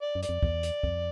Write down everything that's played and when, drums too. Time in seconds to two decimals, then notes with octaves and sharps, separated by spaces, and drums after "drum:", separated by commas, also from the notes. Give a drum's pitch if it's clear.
0.02 D5
0.15 F#2
0.23 D5, drum: hi-hat
0.29 F2
0.43 E2, drum: kick
0.63 drum: hi-hat
0.83 F2, drum: kick